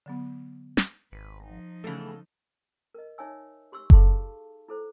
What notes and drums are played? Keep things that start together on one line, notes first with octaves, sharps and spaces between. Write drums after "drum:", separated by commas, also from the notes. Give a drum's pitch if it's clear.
D3 F#3 B3
drum: snare
G#1 B4
F3 D#4
C#3 E3 A3 B3 G#4 A4
A#4 D#5
D#4 C#5 E5 G#5 E6
G4 C6 C#6 E6
D#4 G#4 A4 F5 A5 C6, drum: kick F#1
E4 A4 C5